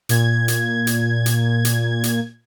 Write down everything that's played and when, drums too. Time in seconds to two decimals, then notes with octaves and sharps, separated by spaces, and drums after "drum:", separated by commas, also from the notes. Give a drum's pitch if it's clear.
0.09 A#2 G#6, drum: hi-hat
0.48 drum: hi-hat
0.87 drum: hi-hat
1.26 drum: hi-hat
1.65 drum: hi-hat
2.04 drum: hi-hat